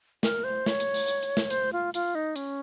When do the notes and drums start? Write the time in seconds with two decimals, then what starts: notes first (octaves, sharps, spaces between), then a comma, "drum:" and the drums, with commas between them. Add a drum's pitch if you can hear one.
0.23 A#4, drum: snare
0.44 C5
0.66 C#5, drum: snare
0.80 drum: hi-hat
0.94 drum: open hi-hat
1.08 drum: hi-hat
1.23 drum: hi-hat
1.37 drum: snare
1.50 C5, drum: hi-hat
1.73 F4
1.94 F4, drum: hi-hat
2.15 D#4
2.36 C#4, drum: hi-hat